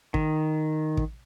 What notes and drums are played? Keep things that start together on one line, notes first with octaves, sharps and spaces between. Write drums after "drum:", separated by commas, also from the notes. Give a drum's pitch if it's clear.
D#3, drum: kick
drum: kick